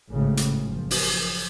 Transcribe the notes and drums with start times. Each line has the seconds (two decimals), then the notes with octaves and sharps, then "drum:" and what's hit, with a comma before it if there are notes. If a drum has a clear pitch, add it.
0.11 G#1 A2 C#3
0.37 drum: hi-hat
0.62 F#1 F3
0.91 drum: open hi-hat